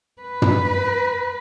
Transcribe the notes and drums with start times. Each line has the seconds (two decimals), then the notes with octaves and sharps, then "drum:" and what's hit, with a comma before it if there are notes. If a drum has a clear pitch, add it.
0.22 B4
0.42 drum: tom